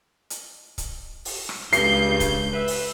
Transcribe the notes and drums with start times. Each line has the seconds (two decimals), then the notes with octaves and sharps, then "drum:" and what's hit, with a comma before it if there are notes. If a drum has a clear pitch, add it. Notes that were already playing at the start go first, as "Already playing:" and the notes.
0.30 drum: hi-hat
0.78 drum: kick C#1, hi-hat
1.25 drum: open hi-hat
1.49 drum: rim click
1.73 C#2 G2 C#3 G6 C7, drum: hi-hat
2.20 drum: kick C#1, hi-hat
2.54 B4 E5
2.68 drum: open hi-hat